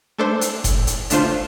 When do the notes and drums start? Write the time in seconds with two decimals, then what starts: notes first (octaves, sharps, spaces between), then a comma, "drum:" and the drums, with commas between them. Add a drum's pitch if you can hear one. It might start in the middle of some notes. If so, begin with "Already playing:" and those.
0.18 A3 D4 A4 C5
0.41 drum: hi-hat
0.64 drum: kick F#1, hi-hat
0.87 drum: hi-hat
1.10 D3 A3 D4 F4 C5, drum: hi-hat